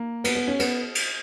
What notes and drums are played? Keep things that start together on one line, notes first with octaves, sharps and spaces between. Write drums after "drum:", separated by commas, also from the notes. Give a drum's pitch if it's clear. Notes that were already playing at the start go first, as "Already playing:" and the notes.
Already playing: A#3
B3, drum: cymbal
B3
C#4
B3, drum: cymbal
drum: cymbal